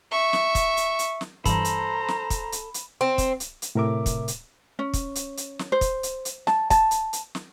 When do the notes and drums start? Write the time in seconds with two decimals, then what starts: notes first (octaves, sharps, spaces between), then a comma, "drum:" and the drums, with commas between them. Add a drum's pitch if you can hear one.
0.12 E5 C#6
0.33 drum: snare
0.55 drum: kick, hi-hat
0.77 drum: hi-hat
0.99 drum: hi-hat
1.21 drum: snare
1.46 G2 E3 G3 A4 C5 A#5 B5, drum: kick, hi-hat
1.65 drum: hi-hat
2.08 drum: snare
2.30 drum: kick, hi-hat
2.52 drum: hi-hat
2.74 drum: hi-hat
3.01 C4
3.18 drum: kick, hi-hat
3.40 drum: hi-hat
3.62 drum: hi-hat
3.75 A2 C3 A#4 E5 D6
4.06 drum: kick, hi-hat
4.28 drum: hi-hat
4.79 C#4
4.94 drum: kick, hi-hat
5.15 drum: hi-hat
5.37 drum: hi-hat
5.59 drum: snare
5.72 C5
5.81 drum: kick, hi-hat
6.03 drum: hi-hat
6.25 drum: hi-hat
6.47 A5, drum: snare
6.70 A5, drum: kick, hi-hat
6.91 drum: hi-hat
7.13 drum: hi-hat
7.35 drum: snare